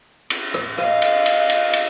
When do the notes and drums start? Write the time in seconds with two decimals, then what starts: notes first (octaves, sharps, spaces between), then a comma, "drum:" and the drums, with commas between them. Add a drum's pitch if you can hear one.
0.30 drum: cymbal
0.54 drum: rim click
0.78 D#5 F5, drum: rim click
1.02 drum: cymbal
1.26 drum: cymbal
1.49 drum: cymbal
1.73 drum: cymbal